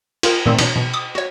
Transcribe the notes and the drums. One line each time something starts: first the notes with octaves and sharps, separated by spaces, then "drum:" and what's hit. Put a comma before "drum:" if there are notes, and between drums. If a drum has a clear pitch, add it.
F4 A#4, drum: cymbal
A#2 D#3 A3 C4
B2 D4 C#5, drum: cymbal
B2
D6 D#6
F#4 C#5